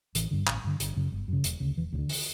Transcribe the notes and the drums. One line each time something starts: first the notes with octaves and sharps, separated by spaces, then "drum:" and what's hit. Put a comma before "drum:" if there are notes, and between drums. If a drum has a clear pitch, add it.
A1 E3, drum: hi-hat
G2 D3
A1, drum: clap
G2 D3
G1 D3, drum: hi-hat
F#2 C#3
G1
F#2 C#3
E1, drum: hi-hat
D2 C#3
E1 E3
D2 C#3
D3
drum: open hi-hat